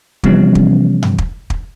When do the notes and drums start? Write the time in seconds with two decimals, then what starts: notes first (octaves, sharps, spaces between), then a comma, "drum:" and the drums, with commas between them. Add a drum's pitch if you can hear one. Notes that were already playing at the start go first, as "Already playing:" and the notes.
0.24 C3 E3 F3 G3 B3 C#4, drum: kick
0.55 drum: kick
1.03 drum: tom G2
1.18 drum: kick
1.50 drum: kick